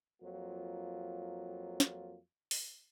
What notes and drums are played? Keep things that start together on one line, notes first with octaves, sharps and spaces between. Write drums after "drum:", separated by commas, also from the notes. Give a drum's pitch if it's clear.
F2 F#3 A#3 F4
drum: snare
drum: open hi-hat